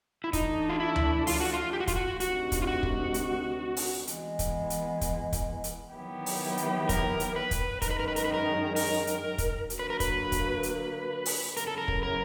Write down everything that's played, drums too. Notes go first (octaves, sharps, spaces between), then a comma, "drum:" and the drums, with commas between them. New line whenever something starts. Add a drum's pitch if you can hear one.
E4
E3 A3 D4 D#4, drum: kick, hi-hat
F4
E4
drum: tom D2
F4, drum: open hi-hat
F#4
F4
G4
F#4
F4, drum: kick, hi-hat
F#4
D2 C3 D#3 F#4, drum: hi-hat
drum: kick, hi-hat
F4
F#4
drum: kick
drum: hi-hat
drum: open hi-hat
E3 G#3 B3, drum: hi-hat
drum: kick, hi-hat
drum: hi-hat
drum: kick, hi-hat
drum: kick, hi-hat
drum: hi-hat
D#3 F#3 B3 E4 G4
drum: open hi-hat
drum: hi-hat
A#4, drum: kick, hi-hat
drum: hi-hat
B4
drum: kick, hi-hat
F#2 D#3 G#3 A#4, drum: kick, hi-hat
B4
A#4
B4
A#4, drum: hi-hat
B4
A#4
A#4, drum: open hi-hat
drum: hi-hat
drum: kick, hi-hat
D3 F#3 A#3, drum: hi-hat
B4
A#4
B4, drum: kick, hi-hat
drum: kick, hi-hat
drum: hi-hat
drum: open hi-hat
C#3 F#3 B3 E4 G#4 A#4, drum: hi-hat
A4
A#4
drum: kick
A#4